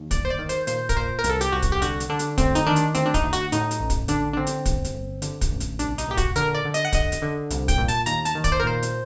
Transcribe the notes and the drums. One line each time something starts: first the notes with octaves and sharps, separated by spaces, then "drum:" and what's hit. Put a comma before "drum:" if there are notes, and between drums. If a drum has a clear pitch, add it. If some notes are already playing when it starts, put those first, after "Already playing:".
Already playing: D#2
G1 D5, drum: kick, hi-hat
C5
D5
D#3
C5, drum: hi-hat
A#2 C5, drum: hi-hat
A#4, drum: kick, hi-hat
A#2 C5
A#4
C2, drum: hi-hat
A4
G4, drum: hi-hat
C2 F#4
drum: kick, hi-hat
G4
D3 F#4, drum: hi-hat
drum: hi-hat
D3 D4
drum: hi-hat
D2 C4, drum: kick, hi-hat
D#4, drum: hi-hat
D#3 D4
drum: hi-hat
D2 C4, drum: hi-hat
D4
D#4, drum: kick, hi-hat
D2
F#4, drum: hi-hat
A2 D#4, drum: hi-hat
drum: hi-hat
A1
drum: kick, hi-hat
D3 D4, drum: hi-hat
D4
D3 C4
drum: hi-hat
G1, drum: kick, hi-hat
drum: hi-hat
G1
D3, drum: hi-hat
drum: kick, hi-hat
A1
drum: hi-hat
C2 D4, drum: hi-hat
D#4, drum: hi-hat
A#2 G4
F#4, drum: kick, hi-hat
D3 A#4, drum: hi-hat
D5
D3
D#5, drum: hi-hat
F#5
D3 D#5, drum: kick, hi-hat
drum: hi-hat
D3
C2, drum: hi-hat
G5, drum: kick, hi-hat
A#2
A5, drum: hi-hat
D#2 A#5, drum: hi-hat
A5, drum: hi-hat
D#3
D5, drum: kick, hi-hat
C5
A#4
A#2 C5
drum: hi-hat